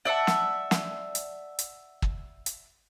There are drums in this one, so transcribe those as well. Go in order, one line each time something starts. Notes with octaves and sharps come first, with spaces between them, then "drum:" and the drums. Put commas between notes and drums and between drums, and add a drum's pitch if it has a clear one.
D5 E5 F#5 A5
drum: snare
drum: snare
drum: hi-hat
drum: hi-hat
drum: kick
drum: hi-hat